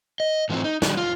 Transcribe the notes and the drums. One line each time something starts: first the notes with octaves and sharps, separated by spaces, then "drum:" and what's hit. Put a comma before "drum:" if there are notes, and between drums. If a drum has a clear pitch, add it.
D#5
G#2 E3 F3 A3 C4
D#4
D#3 F#3 G3 D4, drum: snare
F4